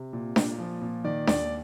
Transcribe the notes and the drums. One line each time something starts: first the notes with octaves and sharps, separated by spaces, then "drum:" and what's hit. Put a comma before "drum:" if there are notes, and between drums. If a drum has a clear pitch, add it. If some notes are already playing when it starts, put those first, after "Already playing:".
Already playing: C3
A#2
A#2, drum: snare D4
F3
A#2
D#3 D5
D#2 D5, drum: snare D4